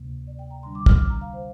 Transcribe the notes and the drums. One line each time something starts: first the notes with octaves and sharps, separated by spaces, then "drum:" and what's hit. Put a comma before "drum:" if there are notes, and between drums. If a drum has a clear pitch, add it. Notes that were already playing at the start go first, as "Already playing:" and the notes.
Already playing: D2 C3 A#3
D5
G5
A#5
D3 G3 D4 C6
D6
F6, drum: kick
D6
A#5
F5
C5